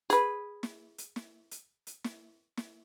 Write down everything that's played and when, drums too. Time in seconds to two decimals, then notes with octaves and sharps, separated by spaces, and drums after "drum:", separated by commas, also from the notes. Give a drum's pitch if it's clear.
0.10 G#4 B4, drum: hi-hat
0.63 drum: snare
0.98 drum: hi-hat
1.16 drum: snare
1.51 drum: hi-hat
1.87 drum: hi-hat
2.04 drum: snare
2.57 drum: snare